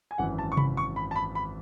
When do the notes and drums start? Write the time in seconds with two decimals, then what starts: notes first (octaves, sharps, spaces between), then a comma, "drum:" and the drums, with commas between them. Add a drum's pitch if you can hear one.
0.11 G#5
0.18 G#1 F#2 E3 F#5
0.39 A5
0.52 C#6
0.57 B5, drum: tom C3
0.77 C#6
0.96 B5
1.11 A5
1.16 B5
1.35 B5